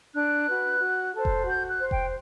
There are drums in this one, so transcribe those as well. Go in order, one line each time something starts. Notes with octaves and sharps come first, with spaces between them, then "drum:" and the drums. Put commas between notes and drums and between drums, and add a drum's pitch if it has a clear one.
D4 F#6
F#4 B4
F#4
A4 C5
drum: kick F1
F#4 G6
F#6
C5
G5, drum: kick F1